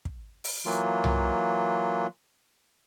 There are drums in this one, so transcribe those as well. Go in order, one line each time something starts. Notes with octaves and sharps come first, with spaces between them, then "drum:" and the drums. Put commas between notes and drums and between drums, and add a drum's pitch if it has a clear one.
drum: kick
drum: open hi-hat
E3 F#3 A#3 F4
drum: tom C2